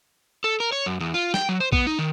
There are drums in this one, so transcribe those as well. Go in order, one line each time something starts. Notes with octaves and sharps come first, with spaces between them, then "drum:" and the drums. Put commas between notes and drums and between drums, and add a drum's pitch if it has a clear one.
A4
A#4
C#5
F#2
E2
F4
G5, drum: snare
F#3
C5
B3, drum: kick A#1
D#4
D#3